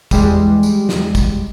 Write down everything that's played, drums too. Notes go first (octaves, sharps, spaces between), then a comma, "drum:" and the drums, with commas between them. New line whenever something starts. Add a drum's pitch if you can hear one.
E2 G3 G#3, drum: kick, tambourine
drum: tambourine
drum: snare
drum: kick, tambourine